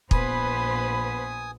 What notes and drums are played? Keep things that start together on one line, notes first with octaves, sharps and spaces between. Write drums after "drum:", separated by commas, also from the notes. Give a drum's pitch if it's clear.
A#1 B3 B4 C5 G#5 B5 D#6, drum: kick